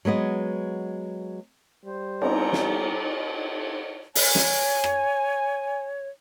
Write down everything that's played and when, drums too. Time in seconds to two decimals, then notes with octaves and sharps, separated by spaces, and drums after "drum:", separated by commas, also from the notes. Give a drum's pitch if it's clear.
0.05 F#3 G#3 B3 D#5
1.85 G3 C5
2.22 B3 C4 D4 A#5, drum: cymbal
2.53 drum: snare
4.15 C#5 G#5, drum: open hi-hat
4.35 drum: snare
4.84 drum: rim click